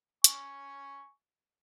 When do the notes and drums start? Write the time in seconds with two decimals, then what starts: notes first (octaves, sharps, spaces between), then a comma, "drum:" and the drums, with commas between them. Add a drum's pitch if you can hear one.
0.24 G#5 C#6, drum: hi-hat